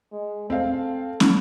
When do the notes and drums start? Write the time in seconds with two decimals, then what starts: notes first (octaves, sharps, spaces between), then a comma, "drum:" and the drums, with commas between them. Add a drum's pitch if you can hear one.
0.12 G#3
0.50 C4 A4 F5
1.20 drum: snare